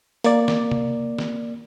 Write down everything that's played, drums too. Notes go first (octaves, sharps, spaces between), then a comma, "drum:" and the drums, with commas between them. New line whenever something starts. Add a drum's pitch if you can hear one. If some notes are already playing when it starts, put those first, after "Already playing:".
A#3 D5, drum: hi-hat
drum: snare
drum: tom
drum: snare